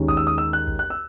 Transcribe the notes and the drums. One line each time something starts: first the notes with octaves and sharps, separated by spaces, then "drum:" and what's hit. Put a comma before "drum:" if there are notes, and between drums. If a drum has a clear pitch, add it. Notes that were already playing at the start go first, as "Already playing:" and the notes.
Already playing: D#2 D#3 G#3 C#4
D#6, drum: kick A1
E6
D#6
E6
F#6
drum: kick A1
F#6
E6